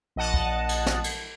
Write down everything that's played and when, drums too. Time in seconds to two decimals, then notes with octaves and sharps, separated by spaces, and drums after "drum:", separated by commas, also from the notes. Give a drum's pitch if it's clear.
0.16 A#1 D#5 F#5 A5
0.34 drum: kick
0.69 drum: cymbal
0.86 drum: snare
1.04 drum: cymbal